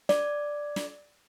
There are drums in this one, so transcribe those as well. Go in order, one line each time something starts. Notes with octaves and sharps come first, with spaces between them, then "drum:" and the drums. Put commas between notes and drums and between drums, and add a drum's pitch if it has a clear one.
D5, drum: snare
drum: snare